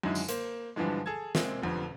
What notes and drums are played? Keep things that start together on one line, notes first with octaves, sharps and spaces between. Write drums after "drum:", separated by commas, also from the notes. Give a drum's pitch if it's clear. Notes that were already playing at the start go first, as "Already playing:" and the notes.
F#2 D3 D#3 G#3 E4
drum: tambourine
A#3 C5, drum: hi-hat
G2 D3 E3 F3 G#3
G#4 A4 A5 G#6
G#3 A#3 C4, drum: snare
F1 F2 D3 B3